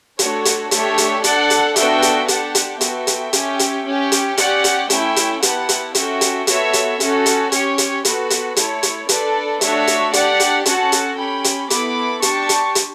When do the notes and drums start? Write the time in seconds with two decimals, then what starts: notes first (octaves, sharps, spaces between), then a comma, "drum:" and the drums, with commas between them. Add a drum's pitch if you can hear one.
0.19 A3 D4 F#4 A4 C#5, drum: hi-hat
0.45 drum: hi-hat
0.71 A3 D4 G4 C#5 E5, drum: hi-hat
0.98 drum: hi-hat
1.24 D4 A4 D5 F#5, drum: hi-hat
1.50 drum: hi-hat
1.76 B3 D4 F#4 A4 E5 G5, drum: hi-hat
2.02 drum: hi-hat
2.28 D4 G4 F#5 A5, drum: hi-hat
2.55 drum: hi-hat
2.81 B3 F#4 A4 E5 G5, drum: hi-hat
3.07 drum: hi-hat
3.33 C#4 G4, drum: hi-hat
3.59 drum: hi-hat
3.86 C#4 G4
4.12 drum: hi-hat
4.37 C#4 G4 D5 F#5, drum: hi-hat
4.64 drum: hi-hat
4.90 A3 C#4 E4 E5 G5, drum: hi-hat
5.16 drum: hi-hat
5.42 B3 E4 G4 F#5 A5, drum: hi-hat
5.69 drum: hi-hat
5.95 C#4 F#4 A4 E5 G5, drum: hi-hat
6.21 drum: hi-hat
6.47 B3 F#4 A4 C#5 E5, drum: hi-hat
6.73 drum: hi-hat
7.00 C#4 F#4 A4, drum: hi-hat
7.26 drum: hi-hat
7.52 C#4 G4 C#5, drum: hi-hat
7.78 drum: hi-hat
8.05 B3 F#4 A4 B4, drum: hi-hat
8.30 drum: hi-hat
8.56 A3 E4 A4 C#5, drum: hi-hat
8.83 drum: hi-hat
9.09 D4 A4 B4 D5, drum: hi-hat
9.61 A3 D4 F#4 C#5 E5, drum: hi-hat
9.87 drum: hi-hat
10.13 D4 G4 D5 F#5, drum: hi-hat
10.40 drum: hi-hat
10.66 C#4 F#4 A4 F#5 A5, drum: hi-hat
10.92 drum: hi-hat
11.18 C#4 G4 G5 B5
11.44 drum: hi-hat
11.70 B3 E4 A4 B5 D6, drum: hi-hat
12.22 D4 G4 A5 C#6, drum: hi-hat
12.49 drum: hi-hat
12.75 drum: hi-hat